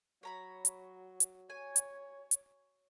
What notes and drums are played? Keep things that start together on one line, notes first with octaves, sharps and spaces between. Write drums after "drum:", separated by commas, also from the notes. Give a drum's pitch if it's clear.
F#3 C#5 A#5 B5
drum: hi-hat
drum: hi-hat
C#5 G#5
drum: hi-hat
drum: hi-hat